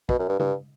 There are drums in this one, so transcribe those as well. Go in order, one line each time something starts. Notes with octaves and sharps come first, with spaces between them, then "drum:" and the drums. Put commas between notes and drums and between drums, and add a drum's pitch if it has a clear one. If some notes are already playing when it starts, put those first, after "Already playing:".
B2, drum: kick
F#2
G2
G2, drum: tom C#3